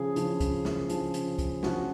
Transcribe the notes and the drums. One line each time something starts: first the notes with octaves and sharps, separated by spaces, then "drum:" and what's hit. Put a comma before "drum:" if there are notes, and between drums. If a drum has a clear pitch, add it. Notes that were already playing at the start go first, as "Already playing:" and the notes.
Already playing: C#3 F3 G#4
C#3 F3, drum: hi-hat
drum: kick, hi-hat
drum: snare
C#3 F3, drum: hi-hat
drum: hi-hat
drum: kick, hi-hat
C#3 F3 F#4, drum: snare